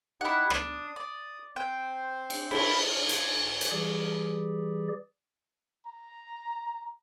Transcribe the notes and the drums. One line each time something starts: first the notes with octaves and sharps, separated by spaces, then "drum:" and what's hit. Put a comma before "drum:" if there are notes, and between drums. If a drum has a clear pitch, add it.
D#4 E4 G4 F#5
D4 D#6, drum: rim click
D5
C4 C5 G5
drum: cymbal
E4, drum: cymbal
drum: hi-hat
drum: hi-hat
E3 G3 G4 G#4 D5
A#5